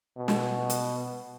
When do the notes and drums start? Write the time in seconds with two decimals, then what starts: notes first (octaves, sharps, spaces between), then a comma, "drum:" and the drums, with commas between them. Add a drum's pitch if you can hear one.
0.17 B2
0.28 drum: snare
0.70 drum: hi-hat